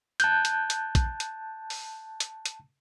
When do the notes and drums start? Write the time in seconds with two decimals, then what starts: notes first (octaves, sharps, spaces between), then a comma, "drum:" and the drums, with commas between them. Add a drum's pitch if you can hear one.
0.20 A5 F#6 G6, drum: hi-hat
0.45 drum: hi-hat
0.70 drum: hi-hat
0.95 drum: kick A#1, hi-hat
1.20 drum: hi-hat
1.70 drum: open hi-hat
2.20 drum: hi-hat
2.46 drum: hi-hat